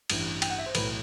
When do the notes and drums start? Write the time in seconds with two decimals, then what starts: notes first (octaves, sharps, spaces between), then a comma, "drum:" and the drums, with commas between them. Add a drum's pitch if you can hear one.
0.10 A1 G2 E3, drum: cymbal
0.42 G5, drum: cymbal
0.50 F#5
0.58 E5
0.66 C5
0.75 B1 A2 E3 B4, drum: cymbal